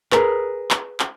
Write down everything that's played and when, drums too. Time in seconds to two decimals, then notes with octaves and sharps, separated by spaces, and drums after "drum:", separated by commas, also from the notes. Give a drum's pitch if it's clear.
0.12 G#4 A#4 B4, drum: clap
0.71 drum: clap
1.00 drum: clap